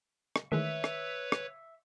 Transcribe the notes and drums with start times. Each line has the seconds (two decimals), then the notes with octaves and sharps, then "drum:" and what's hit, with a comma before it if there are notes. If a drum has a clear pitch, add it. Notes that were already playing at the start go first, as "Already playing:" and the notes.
0.36 drum: rim click
0.52 D#3 E3 G#3 A3 B4 C#5 E5
0.84 drum: rim click
1.32 drum: rim click